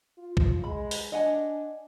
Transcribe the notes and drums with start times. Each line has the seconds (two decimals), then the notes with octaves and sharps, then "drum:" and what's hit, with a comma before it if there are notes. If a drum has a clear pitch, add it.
0.18 F4
0.37 drum: kick
0.64 G#3 B5
0.91 drum: open hi-hat
1.12 D4 D#5 F#5 G#5